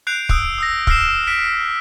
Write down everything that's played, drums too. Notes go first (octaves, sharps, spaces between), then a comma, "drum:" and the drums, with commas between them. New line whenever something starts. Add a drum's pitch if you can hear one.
F#6 G6 C7 D7 F7
D#6 E6 F#6 D7, drum: kick
D#6 E6 A#6
E6 F6 A#6 C7 E7, drum: kick
F6 B6 D7